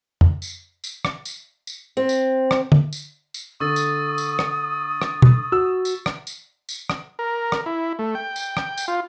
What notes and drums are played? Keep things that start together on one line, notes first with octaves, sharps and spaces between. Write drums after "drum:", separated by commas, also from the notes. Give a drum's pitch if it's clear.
drum: tom F2
drum: tambourine
drum: tambourine
drum: rim click
drum: tambourine
drum: tambourine
C4
drum: tambourine
drum: rim click
drum: tom D3
drum: tambourine
drum: tambourine
D3 C#6 D#6 E6 A6
drum: tambourine
drum: tambourine
drum: rim click
drum: rim click
drum: tom B2
F#4 E6
drum: tambourine
drum: rim click
drum: tambourine
drum: tambourine
drum: rim click
A#4
drum: rim click
E4
A3
G5
drum: tambourine
drum: rim click
drum: tambourine
F4